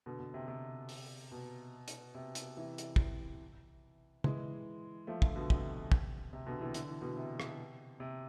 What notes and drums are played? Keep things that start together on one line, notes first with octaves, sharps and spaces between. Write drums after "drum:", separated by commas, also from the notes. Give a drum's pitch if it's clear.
B2 D3
B2
C3
C3
drum: open hi-hat
B2
drum: hi-hat
C3
drum: hi-hat
C3 E3
drum: hi-hat
drum: kick
E3 G#3, drum: tom
F3 A3
D3 F3, drum: kick
B2 D3
C3, drum: kick
drum: kick
C3
B2 D3
C3 E3
D3, drum: hi-hat
E3
B2 D3
C3
drum: rim click
C3